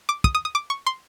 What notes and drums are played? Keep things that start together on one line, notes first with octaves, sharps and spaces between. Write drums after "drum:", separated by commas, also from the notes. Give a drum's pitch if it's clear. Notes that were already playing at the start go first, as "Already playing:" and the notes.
D6
D#6, drum: kick
D#6
D#6
D6
C#6
C6